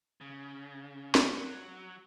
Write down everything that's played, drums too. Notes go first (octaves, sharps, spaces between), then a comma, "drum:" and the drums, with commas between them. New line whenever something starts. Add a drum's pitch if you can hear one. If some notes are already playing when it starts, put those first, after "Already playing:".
C#3
drum: snare
F#3